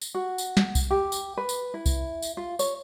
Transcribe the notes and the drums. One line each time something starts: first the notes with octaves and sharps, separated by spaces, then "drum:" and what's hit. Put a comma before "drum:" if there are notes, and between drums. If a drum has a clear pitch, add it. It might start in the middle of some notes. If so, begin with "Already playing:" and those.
drum: tambourine
F#4
drum: tambourine
drum: snare
drum: kick C2, tambourine
G4
drum: tambourine
B4
drum: tambourine
E4
drum: kick C2, tambourine
drum: tambourine
F4
C#5, drum: tambourine